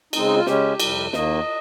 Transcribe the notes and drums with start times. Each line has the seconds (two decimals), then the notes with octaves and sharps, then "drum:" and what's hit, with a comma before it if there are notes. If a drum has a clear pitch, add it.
0.13 C#3 G#3 C4 D#4, drum: cymbal
0.25 D#4
0.36 F4
0.46 C#3 G#3 C#4 G4, drum: snare
0.80 F2 C3 G3, drum: cymbal
1.13 D#2 D#3 A#3 D#5, drum: snare